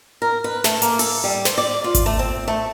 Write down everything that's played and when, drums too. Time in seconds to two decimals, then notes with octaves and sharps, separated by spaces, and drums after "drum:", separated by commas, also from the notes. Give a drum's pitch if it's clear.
0.22 A#4
0.44 B4
0.64 A3, drum: snare
0.82 A#3, drum: hi-hat
0.99 A4, drum: open hi-hat
1.24 G3
1.45 C5, drum: snare
1.58 D5
1.84 F4
1.95 drum: kick G#1, hi-hat
2.06 A3
2.19 C4
2.48 A3